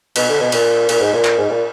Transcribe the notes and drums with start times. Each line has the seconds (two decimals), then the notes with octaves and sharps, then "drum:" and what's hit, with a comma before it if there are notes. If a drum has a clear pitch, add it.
0.16 B2, drum: cymbal
0.28 D3
0.40 B2
0.52 A#2, drum: cymbal
0.89 A#2, drum: cymbal
1.00 G#2
1.13 A#2
1.25 drum: clap
1.38 G#2
1.49 A#2